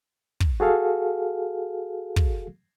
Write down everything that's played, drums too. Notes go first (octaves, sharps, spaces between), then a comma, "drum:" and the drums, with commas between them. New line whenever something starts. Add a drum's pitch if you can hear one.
drum: kick
F#4 G#4 A4 F5
drum: kick